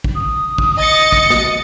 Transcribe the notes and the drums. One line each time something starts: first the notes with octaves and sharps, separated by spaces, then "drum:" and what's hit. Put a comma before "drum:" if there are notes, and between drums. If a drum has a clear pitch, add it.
drum: kick
D#6
drum: kick
D#5 A6 C#7
drum: kick
drum: snare